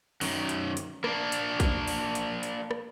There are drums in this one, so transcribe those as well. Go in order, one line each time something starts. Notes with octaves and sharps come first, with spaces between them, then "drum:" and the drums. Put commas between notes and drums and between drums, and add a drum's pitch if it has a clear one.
F#2 D#3, drum: open hi-hat
drum: hi-hat
drum: hi-hat
A#3 D4, drum: rim click
drum: hi-hat
drum: kick, hi-hat
drum: open hi-hat
drum: hi-hat
drum: hi-hat
drum: rim click